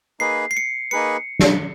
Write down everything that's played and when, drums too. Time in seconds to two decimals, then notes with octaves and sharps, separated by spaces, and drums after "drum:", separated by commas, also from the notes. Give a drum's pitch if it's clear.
0.20 A#3 D#4 G#4 B4 C7
0.51 C7
0.57 C#7
0.91 A#3 D#4 G#4 B4 C#7
1.39 drum: snare